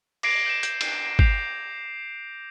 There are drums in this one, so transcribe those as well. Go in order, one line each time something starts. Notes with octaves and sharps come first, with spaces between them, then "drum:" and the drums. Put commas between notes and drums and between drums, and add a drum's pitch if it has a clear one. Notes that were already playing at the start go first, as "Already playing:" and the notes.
D6 A#6 C7 D7, drum: cymbal
G6 E7
G6, drum: hi-hat
drum: cymbal
G6 C7 F7, drum: kick